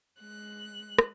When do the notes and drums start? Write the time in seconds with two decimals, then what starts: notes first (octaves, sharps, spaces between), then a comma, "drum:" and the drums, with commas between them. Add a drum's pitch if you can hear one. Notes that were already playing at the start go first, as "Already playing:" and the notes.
0.20 G#3 F#6
0.99 drum: rim click